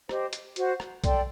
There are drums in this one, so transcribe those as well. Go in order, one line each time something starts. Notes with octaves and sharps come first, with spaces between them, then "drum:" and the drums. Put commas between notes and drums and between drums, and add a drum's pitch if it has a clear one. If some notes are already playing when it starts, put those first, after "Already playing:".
G4 C5 D#5, drum: rim click
drum: hi-hat
F#4 C5 F#5, drum: hi-hat
drum: rim click
A4 D5 G5 C6, drum: kick B1, hi-hat